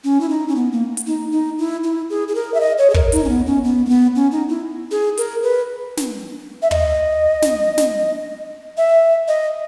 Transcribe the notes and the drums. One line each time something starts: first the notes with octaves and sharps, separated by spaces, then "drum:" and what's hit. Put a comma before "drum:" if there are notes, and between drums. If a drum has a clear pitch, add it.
C#4
E4
D#4
C#4
B3
A#3
drum: hi-hat
D#4
D#4
E4
E4
G#4
G#4
A#4
E5
D#5
C#5
G#4
A#4, drum: kick
D#4, drum: hi-hat
C#4
B3
C#4
B3
A#3
B3
C#4
D#4
E4
G#4
A#4, drum: hi-hat
B4
drum: snare
E5
D#5, drum: tom
drum: snare
drum: snare
E5
D#5